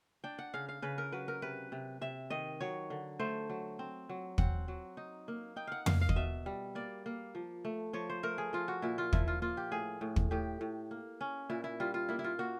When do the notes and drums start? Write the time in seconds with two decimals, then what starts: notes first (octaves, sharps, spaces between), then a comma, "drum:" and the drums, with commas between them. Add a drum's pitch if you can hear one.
0.24 D4 G5
0.39 F#5
0.54 C#3 F5
0.69 F5
0.82 C#3 B4
0.98 A#4
1.12 F#3 B4
1.28 A#4
1.42 C3 B4
1.72 C3
2.01 C3 E5
2.30 D#3 D#5
2.61 F#3 C#5
2.90 D3
3.19 A3 C5
3.50 F#3
3.79 C4
4.09 F#3
4.38 C4 F#5, drum: kick
4.68 F#3
4.97 D#4
5.28 A#3
5.56 D#4 G5
5.67 F5 F#5
5.86 A#3 F5, drum: tom F2
6.01 F5
6.09 D#5, drum: kick
6.16 B2 E5
6.46 G3
6.75 A#3 D5
7.06 A#3
7.35 F3
7.65 A3
7.93 F3 C#5
8.09 C5
8.23 A3 A#4
8.38 G#4
8.53 F3 F4
8.68 F#4
8.82 A#2 E4
8.98 F4
9.13 F3 E4, drum: kick
9.28 F4
9.42 A#3 F4
9.57 G4
9.72 A2 G#4
10.01 A2
10.16 drum: kick
10.31 A2 G4
10.61 A2
10.91 A#3
11.21 C#4
11.50 A#2 E4
11.64 E4
11.80 G3 F4
11.94 F4
12.09 A#3 E4
12.19 E4
12.24 F4
12.39 A#3 F#4